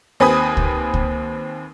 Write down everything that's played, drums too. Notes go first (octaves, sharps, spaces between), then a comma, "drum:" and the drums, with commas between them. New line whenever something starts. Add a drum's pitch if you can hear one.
D#2 C4 B4 G#5 B5 D#6
drum: kick C#2
drum: kick C#2